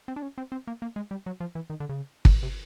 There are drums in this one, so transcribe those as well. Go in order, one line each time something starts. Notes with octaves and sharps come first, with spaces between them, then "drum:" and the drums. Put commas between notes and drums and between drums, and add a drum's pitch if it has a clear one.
C4
D4
C#4
C4
C4
A#3
A#3
G#3
G3
F#3
F3
E3
D#3
D3
C#3
drum: kick
C3